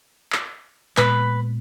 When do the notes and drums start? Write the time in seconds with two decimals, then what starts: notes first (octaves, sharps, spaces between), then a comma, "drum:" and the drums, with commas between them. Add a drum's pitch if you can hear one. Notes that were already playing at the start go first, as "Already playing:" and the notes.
0.32 drum: clap
0.97 A#2 G#3 B3 B4, drum: clap